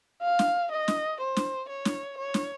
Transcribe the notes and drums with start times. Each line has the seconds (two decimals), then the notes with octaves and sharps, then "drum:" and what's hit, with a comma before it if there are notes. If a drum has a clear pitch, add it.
0.22 F5
0.39 drum: snare
0.72 D#5
0.88 drum: snare
1.20 C5
1.37 drum: snare
1.69 C#5
1.85 drum: snare
2.18 C#5
2.34 drum: snare